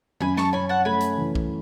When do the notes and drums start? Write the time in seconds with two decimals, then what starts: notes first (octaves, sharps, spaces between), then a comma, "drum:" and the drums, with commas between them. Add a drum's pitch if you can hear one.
0.21 F#2 G#5 B5, drum: tom D#3
0.37 A5 C#6, drum: snare
0.53 C#4 G#5 B5
0.69 F#5 A5
0.85 A3 G#5 B5
1.00 drum: hi-hat
1.18 E3
1.35 drum: kick